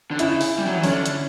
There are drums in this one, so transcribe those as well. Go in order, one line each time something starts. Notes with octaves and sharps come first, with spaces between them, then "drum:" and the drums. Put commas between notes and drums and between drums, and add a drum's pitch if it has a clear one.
D3
C#3 E4, drum: hi-hat
drum: open hi-hat
G3
F#3
E3
D3 C#4, drum: open hi-hat
drum: hi-hat